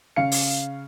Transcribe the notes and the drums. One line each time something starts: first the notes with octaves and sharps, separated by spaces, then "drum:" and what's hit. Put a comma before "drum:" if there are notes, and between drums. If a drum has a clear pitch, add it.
C#3 F5 C#7
drum: open hi-hat